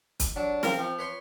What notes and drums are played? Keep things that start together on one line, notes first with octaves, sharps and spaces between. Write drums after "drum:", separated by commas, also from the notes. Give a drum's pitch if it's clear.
drum: kick, hi-hat
F#3 D4
C3 F3 C4 A#4, drum: snare
F3 C4
B4 C#5 C6